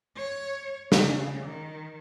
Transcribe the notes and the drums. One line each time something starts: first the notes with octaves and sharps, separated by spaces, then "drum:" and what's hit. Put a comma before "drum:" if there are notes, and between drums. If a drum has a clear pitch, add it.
C#5
C#3, drum: snare
D#3